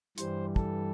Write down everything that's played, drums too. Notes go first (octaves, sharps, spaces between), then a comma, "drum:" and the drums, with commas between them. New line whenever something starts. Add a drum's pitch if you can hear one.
G2 E3 G3 C5, drum: hi-hat
A4, drum: kick